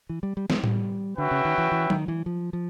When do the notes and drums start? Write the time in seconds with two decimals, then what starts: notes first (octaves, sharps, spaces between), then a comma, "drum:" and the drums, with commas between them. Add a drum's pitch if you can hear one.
0.09 E3
0.23 G3
0.37 G3
0.50 G#3, drum: snare
0.64 G3, drum: tom A2
1.17 D3 C#4 F#4 B4 E5 G5
1.31 C#3
1.45 D#3
1.58 E3
1.72 E3
1.90 D#3, drum: tom F#3
2.08 E3
2.26 F3
2.53 F3